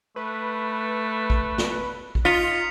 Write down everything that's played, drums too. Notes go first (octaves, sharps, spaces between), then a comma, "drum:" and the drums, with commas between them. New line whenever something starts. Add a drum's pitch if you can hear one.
A3 B4
drum: kick A#1
drum: snare
drum: kick A#1
D#4 F4 B6 C#7 F7